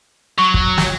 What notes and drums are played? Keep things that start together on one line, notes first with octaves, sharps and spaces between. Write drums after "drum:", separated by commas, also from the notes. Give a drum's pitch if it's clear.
F#3 C#6
drum: kick
drum: snare